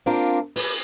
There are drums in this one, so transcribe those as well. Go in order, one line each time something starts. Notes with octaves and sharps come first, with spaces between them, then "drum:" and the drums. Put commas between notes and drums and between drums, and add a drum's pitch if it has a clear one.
A#3 C4 D4 F4 A#4
B4, drum: open hi-hat